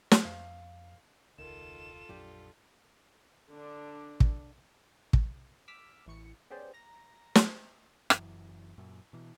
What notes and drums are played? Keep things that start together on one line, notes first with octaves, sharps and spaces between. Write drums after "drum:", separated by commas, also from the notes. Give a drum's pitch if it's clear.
drum: snare
F2 F5
E1 C#2 D#3 F4 A4 E7
A#1 F2 F#3 D4 G4
D3 D4
drum: kick
drum: kick
D6 E6 F6 B6
A1 E3 C#6 C#7
B3 C#4 G4 G#4 C5 D5
A#5 A#6
drum: snare
F#1 B1 F#2 E3, drum: rim click
F#2 A#2
B2 E3